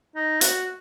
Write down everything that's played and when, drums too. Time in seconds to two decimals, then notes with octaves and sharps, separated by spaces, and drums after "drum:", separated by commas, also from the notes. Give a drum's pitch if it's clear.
0.16 D#4
0.41 F#4, drum: hi-hat